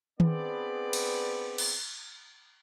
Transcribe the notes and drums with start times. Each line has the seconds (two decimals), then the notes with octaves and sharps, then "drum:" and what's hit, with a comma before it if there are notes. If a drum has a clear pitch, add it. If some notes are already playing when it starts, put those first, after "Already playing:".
0.20 B3 C4 D4 G#4 B4 D5, drum: tom D#3
0.93 drum: cymbal
1.58 drum: cymbal